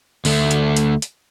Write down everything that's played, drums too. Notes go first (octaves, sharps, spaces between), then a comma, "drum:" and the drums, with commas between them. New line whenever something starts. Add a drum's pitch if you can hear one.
D2 A3, drum: open hi-hat
drum: hi-hat
drum: hi-hat
drum: hi-hat